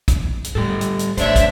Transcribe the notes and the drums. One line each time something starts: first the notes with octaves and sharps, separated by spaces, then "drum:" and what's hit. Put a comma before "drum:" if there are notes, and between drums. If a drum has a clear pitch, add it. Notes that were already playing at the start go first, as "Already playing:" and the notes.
drum: kick, hi-hat
E3
drum: hi-hat
A2 G3 G4 A4
drum: hi-hat
drum: hi-hat
A1 A3 D4 C5 C#5 E5, drum: hi-hat
drum: kick, hi-hat